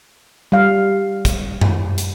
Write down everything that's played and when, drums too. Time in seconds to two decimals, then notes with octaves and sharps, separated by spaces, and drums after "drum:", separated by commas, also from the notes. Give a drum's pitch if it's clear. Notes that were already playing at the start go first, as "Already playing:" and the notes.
0.52 G3 F5
1.25 drum: kick, hi-hat
1.61 drum: tom F#2
1.98 drum: hi-hat